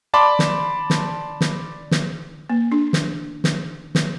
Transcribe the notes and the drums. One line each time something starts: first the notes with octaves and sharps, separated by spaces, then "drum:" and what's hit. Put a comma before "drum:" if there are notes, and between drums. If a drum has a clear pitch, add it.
D5 A5 B5 C6 D6
drum: snare
drum: snare
drum: snare
drum: snare
A#3
D4
drum: snare
drum: snare
drum: snare